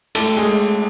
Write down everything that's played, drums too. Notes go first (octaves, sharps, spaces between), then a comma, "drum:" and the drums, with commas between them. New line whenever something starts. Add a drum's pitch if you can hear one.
A3 A4, drum: cymbal
G#3 G#4